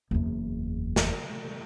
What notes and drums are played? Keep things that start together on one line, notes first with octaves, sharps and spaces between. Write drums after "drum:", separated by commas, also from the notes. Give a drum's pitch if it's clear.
F#1 E2
drum: snare